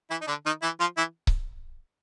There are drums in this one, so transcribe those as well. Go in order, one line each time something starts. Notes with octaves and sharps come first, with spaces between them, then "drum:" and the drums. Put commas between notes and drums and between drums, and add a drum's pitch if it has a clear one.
E3 E4
D#4
D3 D4
D#3 D#4
E3 E4
F3 F4
E3 E4
drum: kick C#1